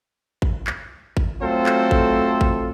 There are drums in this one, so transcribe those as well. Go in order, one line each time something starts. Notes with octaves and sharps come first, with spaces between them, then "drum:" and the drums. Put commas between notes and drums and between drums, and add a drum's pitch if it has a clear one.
drum: kick A1
drum: clap
drum: kick A1
F#3 A3 C4 F4 A4 C5
drum: clap
drum: kick A1
drum: kick A1